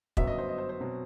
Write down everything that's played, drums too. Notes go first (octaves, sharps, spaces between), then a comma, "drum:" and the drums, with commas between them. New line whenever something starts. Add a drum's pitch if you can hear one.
G1 F#2 F#3 B3 E5, drum: kick
D#5
C5
D#5
C5
C5
B2 F#3 C4